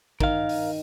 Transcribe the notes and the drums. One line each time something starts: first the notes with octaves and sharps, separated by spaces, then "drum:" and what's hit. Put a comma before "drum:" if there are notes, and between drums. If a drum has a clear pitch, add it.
D#3 A#4 F5, drum: kick
drum: open hi-hat